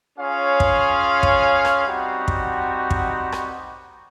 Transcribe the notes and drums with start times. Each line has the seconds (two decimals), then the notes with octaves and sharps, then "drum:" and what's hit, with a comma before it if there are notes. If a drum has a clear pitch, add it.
0.18 C#4 F4 G#4 C#5 F5
0.60 drum: kick
1.23 drum: kick
1.65 drum: rim click
1.86 G3 C4 D#4 F#4
2.28 drum: kick
2.90 drum: kick
3.32 drum: rim click